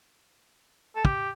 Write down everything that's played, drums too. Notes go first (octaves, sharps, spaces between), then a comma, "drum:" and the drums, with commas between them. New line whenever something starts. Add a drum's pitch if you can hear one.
A4
G4, drum: kick